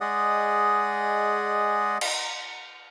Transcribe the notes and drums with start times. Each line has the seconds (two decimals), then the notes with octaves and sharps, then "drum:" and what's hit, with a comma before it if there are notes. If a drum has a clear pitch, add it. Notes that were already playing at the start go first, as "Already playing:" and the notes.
0.01 G#3 G#4 D5 D#5 F#5 D#6
2.01 drum: cymbal